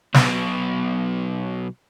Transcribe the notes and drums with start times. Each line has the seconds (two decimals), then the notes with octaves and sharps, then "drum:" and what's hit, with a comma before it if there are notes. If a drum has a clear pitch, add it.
0.14 B1 B2, drum: snare